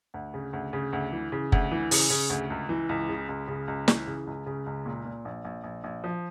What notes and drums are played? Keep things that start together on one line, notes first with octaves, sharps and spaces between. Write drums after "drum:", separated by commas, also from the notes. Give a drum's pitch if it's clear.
D2
C#3
D2
C#3
D2
E3
C#3
D2, drum: kick F#1
E3
C#3, drum: open hi-hat
C#3
D2
C#2
E3
C#2
C#3
C#2
C#3
C#2
E3, drum: snare
C#3
C#2
C#3
C#2
A#2
A#2
A#1
A#1
A#1
A#1
F3